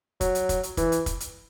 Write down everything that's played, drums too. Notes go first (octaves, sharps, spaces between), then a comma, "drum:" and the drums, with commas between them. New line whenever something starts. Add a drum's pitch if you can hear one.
F#3, drum: kick, hi-hat
drum: hi-hat
drum: kick, hi-hat
drum: hi-hat
E3, drum: kick, hi-hat
drum: hi-hat
drum: kick, hi-hat
drum: hi-hat